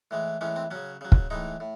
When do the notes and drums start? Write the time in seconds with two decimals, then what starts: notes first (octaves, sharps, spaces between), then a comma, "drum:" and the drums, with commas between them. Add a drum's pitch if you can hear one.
0.11 A2 E3 G#3
0.41 A2 E3 G#3 C#4
0.56 C4
0.71 C#3 F#3 C#4
1.01 C#3 F#3
1.12 drum: kick
1.30 A2 E3 G#3 D#4
1.60 A2